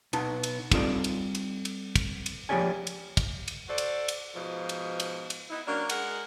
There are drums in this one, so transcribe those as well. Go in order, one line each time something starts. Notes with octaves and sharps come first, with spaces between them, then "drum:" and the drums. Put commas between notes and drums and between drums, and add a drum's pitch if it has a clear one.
B2 B3 D#4 A5, drum: cymbal
drum: cymbal
G3 C4 D#4 F4 A4 D5, drum: kick, cymbal
drum: cymbal
drum: cymbal
drum: cymbal
drum: kick, cymbal
drum: cymbal
F3 A#3 G4 C#5 D5 G#5
drum: cymbal
drum: kick, cymbal
drum: cymbal
F#4 A4 C5 D5
drum: cymbal
drum: cymbal
G#2 B2 F3
drum: cymbal
drum: cymbal
drum: cymbal
B3 D#4 E4
F#3 A#3 C#4 D4
G#3 A#4 F#5, drum: cymbal